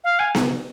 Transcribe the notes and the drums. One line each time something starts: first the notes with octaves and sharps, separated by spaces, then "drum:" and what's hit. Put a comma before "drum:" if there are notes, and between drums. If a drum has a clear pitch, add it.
F5
G#5
drum: snare B3